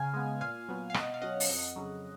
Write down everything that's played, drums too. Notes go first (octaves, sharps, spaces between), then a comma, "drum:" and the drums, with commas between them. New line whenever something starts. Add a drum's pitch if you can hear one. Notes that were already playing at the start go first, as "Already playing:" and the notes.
Already playing: C#3 F5 G#5
G#3 B3
A#2 F5 G#5
F#3 B3
F5
B2 D#5 F#5, drum: rim click
F5
F#3 C#4 D#5 F#5
drum: open hi-hat
F2
C#3 F#3